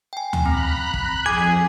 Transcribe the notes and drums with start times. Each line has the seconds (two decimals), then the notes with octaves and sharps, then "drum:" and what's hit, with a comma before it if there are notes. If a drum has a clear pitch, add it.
0.13 G5 G#5
0.33 drum: tom D2
0.46 C4 A#5 B5 F#6
0.94 drum: kick
1.26 F2 G#4 G#5 D6